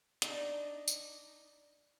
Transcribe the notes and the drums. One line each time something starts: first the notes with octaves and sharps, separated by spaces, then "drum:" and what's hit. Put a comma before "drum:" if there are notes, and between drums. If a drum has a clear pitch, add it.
D4 D#4, drum: hi-hat
drum: tambourine